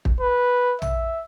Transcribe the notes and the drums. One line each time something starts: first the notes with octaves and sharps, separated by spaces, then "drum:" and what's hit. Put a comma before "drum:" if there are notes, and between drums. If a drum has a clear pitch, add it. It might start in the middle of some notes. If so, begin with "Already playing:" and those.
drum: kick
B4
E5, drum: tom A#1